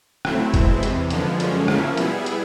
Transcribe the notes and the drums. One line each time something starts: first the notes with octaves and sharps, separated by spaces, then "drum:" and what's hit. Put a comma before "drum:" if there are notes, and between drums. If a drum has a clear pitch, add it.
F#3 A3 C4 E4, drum: rim click
B2 G#3 C4 E4, drum: kick, hi-hat
E2 C3 E3, drum: hi-hat
F#2 D3 F3 G#3 B3, drum: hi-hat
F#2 D3 F3 G#3 C#4, drum: hi-hat
C#3 F3 A#3 C#4 E4, drum: rim click
B2 G3 B3 E4 G#4, drum: hi-hat
drum: hi-hat